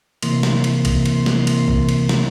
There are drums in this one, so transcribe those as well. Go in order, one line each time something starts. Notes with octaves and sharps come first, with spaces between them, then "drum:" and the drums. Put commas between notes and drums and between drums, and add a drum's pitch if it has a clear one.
C3 E3 A#3 C6, drum: cymbal
drum: snare
drum: cymbal
drum: kick, cymbal
drum: cymbal
drum: snare
drum: cymbal
drum: kick
drum: cymbal
drum: snare